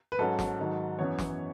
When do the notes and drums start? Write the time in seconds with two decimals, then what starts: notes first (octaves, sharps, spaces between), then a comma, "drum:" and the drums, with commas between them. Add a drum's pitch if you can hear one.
0.12 B4
0.19 G#2 F#3 C#4 A4
0.39 drum: snare
0.59 G#2 D#3 F#3
0.99 F#2 E3 B3 C#5
1.19 drum: snare